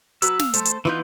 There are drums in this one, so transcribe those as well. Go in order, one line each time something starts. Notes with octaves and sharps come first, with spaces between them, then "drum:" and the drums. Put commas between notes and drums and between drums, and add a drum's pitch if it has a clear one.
F#3 B4 E6, drum: hi-hat
F5, drum: snare
A3 A4 C5, drum: hi-hat
drum: hi-hat
E3 B3 D#4 F4 G6